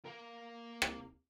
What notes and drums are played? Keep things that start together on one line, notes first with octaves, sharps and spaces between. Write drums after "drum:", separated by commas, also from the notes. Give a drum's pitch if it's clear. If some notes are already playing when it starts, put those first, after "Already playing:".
A#3 A#4
drum: rim click